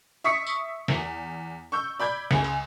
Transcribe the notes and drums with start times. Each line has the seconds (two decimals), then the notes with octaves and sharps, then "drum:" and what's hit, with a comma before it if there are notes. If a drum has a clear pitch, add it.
0.24 E5 C#6 D#6 B6 C#7
0.47 drum: tambourine
0.88 E2, drum: snare
1.72 C#6 E6 G6
2.00 D5 B5 G6 G#6
2.31 C#2 G#4, drum: snare
2.44 drum: cymbal